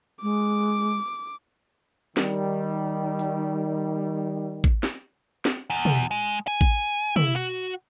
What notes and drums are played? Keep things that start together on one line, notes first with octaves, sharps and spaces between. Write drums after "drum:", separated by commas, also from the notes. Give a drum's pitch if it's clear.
G#3 D6
D#3 G3, drum: snare
drum: hi-hat
drum: kick A1
drum: snare
drum: snare
E2, drum: hi-hat
drum: tom
G#3
G#5
drum: kick A1
E4, drum: tom
F#4